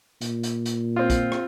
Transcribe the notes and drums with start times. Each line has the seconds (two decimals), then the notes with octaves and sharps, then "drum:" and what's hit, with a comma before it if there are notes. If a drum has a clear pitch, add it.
0.21 A#2, drum: hi-hat
0.43 drum: hi-hat
0.66 drum: hi-hat
0.96 C4 F4
1.10 drum: kick, hi-hat
1.32 drum: rim click